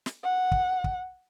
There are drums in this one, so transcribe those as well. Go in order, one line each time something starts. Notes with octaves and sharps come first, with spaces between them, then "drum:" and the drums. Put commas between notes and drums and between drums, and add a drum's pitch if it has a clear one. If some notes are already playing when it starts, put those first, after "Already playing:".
drum: snare
F#5
drum: kick
drum: kick